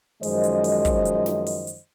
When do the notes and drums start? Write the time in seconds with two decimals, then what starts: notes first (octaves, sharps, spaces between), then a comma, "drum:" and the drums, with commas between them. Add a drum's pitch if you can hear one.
0.23 F#2 D#3 F3 G#3 C5 D#5, drum: open hi-hat
0.44 drum: hi-hat
0.64 drum: open hi-hat
0.85 drum: kick, hi-hat
1.05 drum: hi-hat
1.26 drum: snare
1.46 drum: open hi-hat
1.67 drum: hi-hat